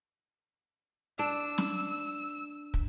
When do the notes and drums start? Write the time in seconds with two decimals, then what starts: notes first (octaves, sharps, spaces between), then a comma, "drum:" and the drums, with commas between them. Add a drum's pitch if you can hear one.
1.19 D4 E6
1.58 drum: snare
2.74 drum: kick